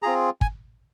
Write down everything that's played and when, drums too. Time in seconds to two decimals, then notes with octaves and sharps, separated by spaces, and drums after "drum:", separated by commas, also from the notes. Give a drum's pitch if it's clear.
0.03 C4 F4 G#4 A#5
0.41 G#5, drum: kick